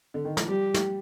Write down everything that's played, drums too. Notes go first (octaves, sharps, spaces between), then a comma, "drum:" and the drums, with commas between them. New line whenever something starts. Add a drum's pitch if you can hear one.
D3
D#3
F3, drum: snare
G3 G4
drum: snare